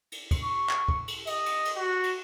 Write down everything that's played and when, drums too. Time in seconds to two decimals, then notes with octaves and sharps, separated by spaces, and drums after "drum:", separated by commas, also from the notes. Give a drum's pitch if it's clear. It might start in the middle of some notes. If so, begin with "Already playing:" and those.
0.12 drum: cymbal
0.31 drum: kick, cymbal
0.43 C#6
0.69 drum: clap
0.88 drum: kick
1.08 drum: cymbal
1.27 D#5, drum: cymbal
1.46 drum: cymbal
1.65 drum: cymbal
1.76 F#4
2.03 drum: cymbal